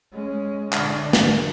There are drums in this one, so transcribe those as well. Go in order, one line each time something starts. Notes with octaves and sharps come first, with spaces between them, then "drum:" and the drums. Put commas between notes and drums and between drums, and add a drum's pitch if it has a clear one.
G#3 C#4
D3 D4, drum: clap
drum: snare